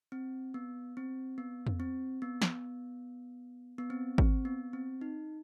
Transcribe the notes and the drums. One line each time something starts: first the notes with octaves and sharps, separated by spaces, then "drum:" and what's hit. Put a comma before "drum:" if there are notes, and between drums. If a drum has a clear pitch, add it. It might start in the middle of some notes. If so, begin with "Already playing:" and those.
C4
B3
C4
B3
drum: tom
C4
B3
drum: snare
B3
C4
C4, drum: kick G#1
B3
C4
D#4